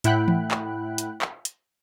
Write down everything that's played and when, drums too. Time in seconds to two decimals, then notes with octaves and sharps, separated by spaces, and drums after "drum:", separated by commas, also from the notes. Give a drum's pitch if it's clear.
0.04 A2 E4 F#5 G5 B5 F#6, drum: hi-hat
0.28 drum: tom E3
0.51 drum: clap
0.98 drum: hi-hat
1.22 drum: clap
1.45 drum: hi-hat